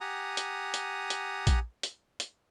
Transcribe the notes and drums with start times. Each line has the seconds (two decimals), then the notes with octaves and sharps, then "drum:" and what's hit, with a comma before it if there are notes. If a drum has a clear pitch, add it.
0.01 G4 F#5 G#5 A#5 D#6
0.37 drum: hi-hat
0.74 drum: hi-hat
1.10 drum: hi-hat
1.47 drum: kick A#1, hi-hat
1.83 drum: hi-hat
2.20 drum: hi-hat